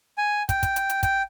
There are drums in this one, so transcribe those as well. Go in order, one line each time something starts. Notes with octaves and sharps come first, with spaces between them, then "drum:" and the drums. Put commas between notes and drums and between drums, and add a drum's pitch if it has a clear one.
G#5
G5, drum: kick, hi-hat
drum: kick, hi-hat
drum: hi-hat
drum: hi-hat
G5, drum: kick, hi-hat